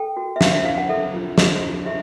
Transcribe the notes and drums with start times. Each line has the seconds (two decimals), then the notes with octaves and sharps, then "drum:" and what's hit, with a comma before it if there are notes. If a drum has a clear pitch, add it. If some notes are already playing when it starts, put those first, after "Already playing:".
Already playing: A4 G5
0.17 F#4
0.36 E5
0.41 G4 F5, drum: snare
0.53 E5
0.64 E4 F5
0.78 F#5
0.89 A4 E5
1.14 F4
1.38 A4 D#5, drum: snare
1.63 E4
1.86 G4 E5